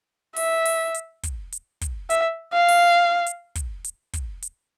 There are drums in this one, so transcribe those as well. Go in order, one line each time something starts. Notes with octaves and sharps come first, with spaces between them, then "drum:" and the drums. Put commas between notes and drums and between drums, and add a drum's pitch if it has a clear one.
E5, drum: open hi-hat
drum: open hi-hat
drum: hi-hat
drum: kick, hi-hat
drum: hi-hat
drum: kick, hi-hat
E5, drum: hi-hat
F5
drum: open hi-hat
drum: hi-hat
drum: kick, hi-hat
drum: hi-hat
drum: kick, hi-hat
drum: hi-hat